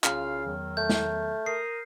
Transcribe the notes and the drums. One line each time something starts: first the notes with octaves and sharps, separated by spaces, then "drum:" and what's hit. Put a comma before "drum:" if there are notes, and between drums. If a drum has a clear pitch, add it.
C2 C#3 F4 F5 F6, drum: clap
E2 D#3 F#3
A3 G6
drum: snare
A#4 D#6 C7